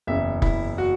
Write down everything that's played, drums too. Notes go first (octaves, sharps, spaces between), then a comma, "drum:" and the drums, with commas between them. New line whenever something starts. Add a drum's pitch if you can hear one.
F#1 E2 C#3 E5
E4, drum: kick
F#4